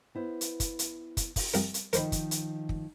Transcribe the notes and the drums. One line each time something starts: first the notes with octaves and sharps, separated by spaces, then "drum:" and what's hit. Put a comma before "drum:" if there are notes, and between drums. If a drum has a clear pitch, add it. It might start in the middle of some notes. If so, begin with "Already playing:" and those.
B3 E4 C5
drum: hi-hat
drum: kick, hi-hat
drum: hi-hat
drum: kick, hi-hat
drum: kick, open hi-hat
C2 A#4, drum: hi-hat
drum: hi-hat
D#3 F3 A#4 C5 B5, drum: hi-hat
drum: kick, hi-hat
drum: hi-hat
drum: kick